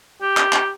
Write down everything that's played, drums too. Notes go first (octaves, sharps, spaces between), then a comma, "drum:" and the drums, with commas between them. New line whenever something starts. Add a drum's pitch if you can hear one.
G4
drum: clap
drum: clap